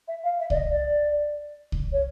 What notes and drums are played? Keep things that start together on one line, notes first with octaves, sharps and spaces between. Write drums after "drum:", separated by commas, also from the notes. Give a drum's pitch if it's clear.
E5
F5
E5
D5, drum: kick C2
D#5
D5
drum: kick C2
C#5